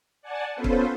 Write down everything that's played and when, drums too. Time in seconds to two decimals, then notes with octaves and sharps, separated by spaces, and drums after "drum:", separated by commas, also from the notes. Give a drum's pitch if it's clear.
0.22 D5 F#5 G#5 A5
0.55 B3 C#4 F4 A4 B4 C5
0.64 drum: kick